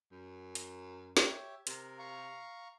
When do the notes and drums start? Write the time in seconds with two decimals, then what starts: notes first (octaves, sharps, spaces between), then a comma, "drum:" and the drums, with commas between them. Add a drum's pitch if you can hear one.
0.12 F#2
0.55 drum: hi-hat
1.17 G4 C#5 E5, drum: snare
1.67 C3 A#4, drum: hi-hat
1.99 F5 A#5 C#6